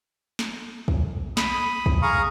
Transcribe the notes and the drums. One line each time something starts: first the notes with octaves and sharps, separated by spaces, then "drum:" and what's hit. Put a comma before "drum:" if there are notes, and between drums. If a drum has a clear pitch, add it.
drum: snare
drum: kick
B5 D#6, drum: snare
drum: kick
G#4 F5 A#5 C#6 D#6